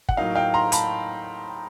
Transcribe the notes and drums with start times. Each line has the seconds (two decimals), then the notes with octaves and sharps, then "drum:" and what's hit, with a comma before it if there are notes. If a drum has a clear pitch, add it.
0.09 F#5, drum: kick
0.17 A2 F#3 A#3 D#4 F5
0.35 F5 G5
0.54 A#5 C6
0.72 A5 B5, drum: hi-hat